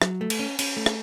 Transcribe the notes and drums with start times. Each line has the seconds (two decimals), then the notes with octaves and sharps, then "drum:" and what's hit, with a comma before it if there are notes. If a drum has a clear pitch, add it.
0.02 F#3, drum: rim click
0.21 A3
0.30 drum: cymbal
0.39 C#4
0.59 C#4, drum: cymbal
0.77 A3
0.86 drum: rim click